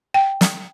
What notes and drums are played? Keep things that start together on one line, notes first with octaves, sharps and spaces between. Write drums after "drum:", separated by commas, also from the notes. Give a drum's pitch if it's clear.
G5
drum: snare